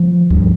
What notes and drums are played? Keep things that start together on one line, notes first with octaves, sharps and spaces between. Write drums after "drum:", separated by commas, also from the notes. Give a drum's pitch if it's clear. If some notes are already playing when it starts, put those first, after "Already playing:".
Already playing: F3
G2, drum: kick